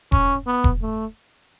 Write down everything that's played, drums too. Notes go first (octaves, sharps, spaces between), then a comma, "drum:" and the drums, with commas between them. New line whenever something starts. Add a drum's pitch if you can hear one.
C#4, drum: kick E1
B3
drum: kick E1
A3